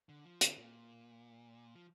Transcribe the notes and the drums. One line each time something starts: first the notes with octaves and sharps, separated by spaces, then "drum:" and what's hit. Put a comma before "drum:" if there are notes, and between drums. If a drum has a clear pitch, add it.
D3
F3
D3, drum: hi-hat
A#2
F3